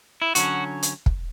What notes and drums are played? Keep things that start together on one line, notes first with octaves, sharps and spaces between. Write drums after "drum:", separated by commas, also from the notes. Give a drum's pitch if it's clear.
E4
D3 F#3 C#4 F#4, drum: hi-hat
drum: hi-hat
drum: kick